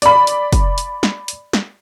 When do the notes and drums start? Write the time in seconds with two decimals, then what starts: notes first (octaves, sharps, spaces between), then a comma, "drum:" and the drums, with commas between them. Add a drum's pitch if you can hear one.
0.02 D5 B5, drum: hi-hat
0.27 drum: hi-hat
0.52 drum: kick, hi-hat
0.78 drum: hi-hat
1.03 drum: snare
1.28 drum: hi-hat
1.53 drum: snare